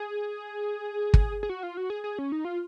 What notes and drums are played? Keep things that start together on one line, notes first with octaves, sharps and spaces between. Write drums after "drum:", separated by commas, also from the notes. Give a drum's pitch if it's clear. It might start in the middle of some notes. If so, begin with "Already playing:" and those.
Already playing: G#4
drum: kick
G#4
F#4
F4
F#4
G#4
G#4
C#4
D#4
F4